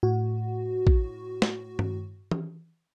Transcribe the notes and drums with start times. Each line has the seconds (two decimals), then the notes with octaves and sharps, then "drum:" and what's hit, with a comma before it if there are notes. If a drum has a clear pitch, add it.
0.03 A2 F#4
0.87 drum: kick
1.42 drum: snare
1.79 drum: tom G2
2.31 drum: tom E3